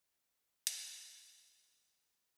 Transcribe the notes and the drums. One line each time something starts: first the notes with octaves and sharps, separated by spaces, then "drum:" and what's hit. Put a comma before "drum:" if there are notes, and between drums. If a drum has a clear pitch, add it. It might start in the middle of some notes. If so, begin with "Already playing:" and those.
Already playing: G#4 B4
E2 C#3 E3 A3 D#4, drum: hi-hat
A2 G#3 B3 D#4 G#4 B4
F#4 A4